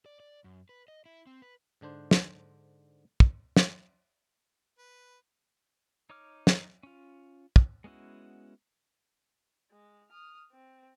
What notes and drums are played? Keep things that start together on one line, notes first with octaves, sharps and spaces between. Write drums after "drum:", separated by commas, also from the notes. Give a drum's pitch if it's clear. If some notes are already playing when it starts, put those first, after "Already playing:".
D5
D5
F#2
B4
D#5
E4
C4
B4
G#2 D3 D4 C5
drum: snare
drum: kick
drum: snare
B4
D#4 C#5 D6 F6
drum: snare
C#4 F4
drum: kick
G#3 B3 C#4 E4 F#4
G#3
D#6 F6
C4